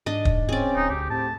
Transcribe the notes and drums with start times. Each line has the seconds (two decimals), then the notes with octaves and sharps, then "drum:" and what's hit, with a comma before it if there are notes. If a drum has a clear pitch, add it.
0.06 G#2 D4 D#5
0.25 drum: kick
0.49 C4 C#4 G#4 D5
0.76 D1 D#4
0.90 D2 G4
1.10 A2 C4 G4 A5